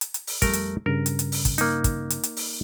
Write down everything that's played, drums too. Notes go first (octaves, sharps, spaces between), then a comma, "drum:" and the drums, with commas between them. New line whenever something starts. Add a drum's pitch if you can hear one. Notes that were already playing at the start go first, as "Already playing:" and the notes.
drum: hi-hat
drum: hi-hat
drum: open hi-hat
F2 G3 A3 A#4, drum: kick, hi-hat
drum: hi-hat
G2 C#3 A#4
drum: hi-hat
drum: hi-hat
drum: open hi-hat
drum: kick, hi-hat
A#3 D#4, drum: hi-hat
drum: kick, hi-hat
drum: hi-hat
drum: hi-hat
drum: open hi-hat